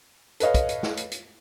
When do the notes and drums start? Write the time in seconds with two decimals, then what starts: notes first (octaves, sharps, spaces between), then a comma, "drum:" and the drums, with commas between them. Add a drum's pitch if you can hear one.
0.40 A4 B4 C#5 D#5 F5, drum: hi-hat
0.54 drum: kick, hi-hat
0.69 drum: hi-hat
0.83 drum: snare
0.97 drum: hi-hat
1.12 drum: hi-hat